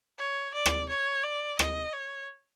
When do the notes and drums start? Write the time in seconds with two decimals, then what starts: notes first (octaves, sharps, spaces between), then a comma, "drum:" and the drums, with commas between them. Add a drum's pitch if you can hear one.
0.19 C#5
0.54 D5
0.66 drum: rim click
0.89 C#5
1.24 D5
1.59 D#5, drum: rim click
1.93 C#5